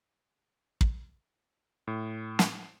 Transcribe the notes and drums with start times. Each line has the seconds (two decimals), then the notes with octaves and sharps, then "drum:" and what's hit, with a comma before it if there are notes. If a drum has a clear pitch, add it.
0.81 drum: kick
1.87 A2
2.39 drum: snare